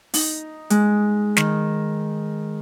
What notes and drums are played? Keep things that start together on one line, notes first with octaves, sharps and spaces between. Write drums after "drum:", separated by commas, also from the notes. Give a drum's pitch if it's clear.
D#4, drum: open hi-hat
G#3, drum: hi-hat
D#3, drum: snare